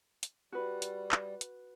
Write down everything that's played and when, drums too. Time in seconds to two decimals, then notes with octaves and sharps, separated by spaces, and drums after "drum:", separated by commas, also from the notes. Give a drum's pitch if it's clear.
0.23 drum: hi-hat
0.52 G3 F#4 B4
0.82 drum: hi-hat
1.12 drum: clap
1.41 drum: hi-hat